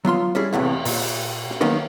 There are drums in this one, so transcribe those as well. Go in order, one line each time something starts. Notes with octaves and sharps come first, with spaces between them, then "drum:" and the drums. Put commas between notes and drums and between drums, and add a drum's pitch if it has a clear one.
F#3 B3 F4 C6
G3 C#4 E4 G#4
E2 A2 C3 E3, drum: cymbal
A#2, drum: open hi-hat
drum: snare
D#3 F#3 A#3 B3 C#4 D#4